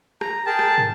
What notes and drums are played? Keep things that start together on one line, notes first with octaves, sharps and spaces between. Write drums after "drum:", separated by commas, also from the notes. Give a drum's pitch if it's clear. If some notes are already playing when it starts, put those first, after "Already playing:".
A#5, drum: rim click
G#4 A#4 G5 A5
drum: rim click
drum: tom